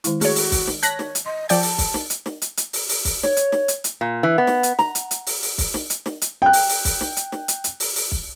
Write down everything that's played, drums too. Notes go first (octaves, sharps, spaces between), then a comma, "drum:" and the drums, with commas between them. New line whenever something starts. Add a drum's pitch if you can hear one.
D#3 G#3 E4, drum: hi-hat
A3 F#4 G#4 C#5, drum: open hi-hat
drum: open hi-hat
drum: kick, open hi-hat
drum: snare
C#5 A5 F#6 A#6 B6, drum: hi-hat
drum: snare
drum: hi-hat
D#5 C6
F3 D5 G5 A5, drum: open hi-hat
drum: open hi-hat
drum: kick, open hi-hat
drum: snare
drum: hi-hat
drum: snare
drum: hi-hat
drum: hi-hat
drum: open hi-hat
drum: open hi-hat
drum: kick, open hi-hat
C#5, drum: snare
drum: hi-hat
drum: snare
drum: hi-hat
drum: hi-hat
A#2
E3
B3
drum: snare
drum: hi-hat
A#5, drum: snare
drum: hi-hat
drum: hi-hat
drum: open hi-hat
drum: open hi-hat
drum: kick, open hi-hat
drum: snare
drum: hi-hat
drum: snare
drum: hi-hat
G5 F#6
drum: open hi-hat
drum: open hi-hat
drum: kick, open hi-hat
drum: snare
drum: hi-hat
drum: snare
drum: hi-hat
drum: hi-hat
drum: open hi-hat
drum: open hi-hat
drum: kick